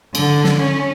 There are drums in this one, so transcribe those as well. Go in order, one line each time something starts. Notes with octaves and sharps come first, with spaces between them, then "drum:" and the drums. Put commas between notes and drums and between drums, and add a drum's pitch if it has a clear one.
D3, drum: cymbal
drum: snare
C#4